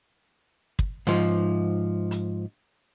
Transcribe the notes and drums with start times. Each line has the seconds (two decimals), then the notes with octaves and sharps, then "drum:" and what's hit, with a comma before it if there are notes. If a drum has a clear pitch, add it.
0.79 drum: kick
1.07 G#2 F3, drum: snare
2.11 drum: hi-hat